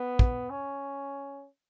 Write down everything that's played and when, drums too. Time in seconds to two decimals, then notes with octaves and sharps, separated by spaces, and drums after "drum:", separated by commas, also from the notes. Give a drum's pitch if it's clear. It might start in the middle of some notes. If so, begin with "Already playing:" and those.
Already playing: B3
0.19 drum: kick
0.50 C#4